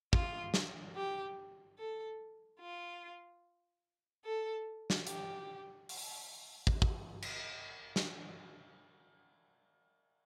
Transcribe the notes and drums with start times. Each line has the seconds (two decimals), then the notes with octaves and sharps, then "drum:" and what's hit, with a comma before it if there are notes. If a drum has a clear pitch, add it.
0.13 F4, drum: kick
0.54 drum: snare
0.96 G4
1.78 A4
2.60 F4
4.25 A4
4.90 drum: snare
5.07 G4, drum: hi-hat
5.89 drum: open hi-hat
6.67 drum: kick
6.82 drum: kick
7.22 drum: cymbal
7.96 drum: snare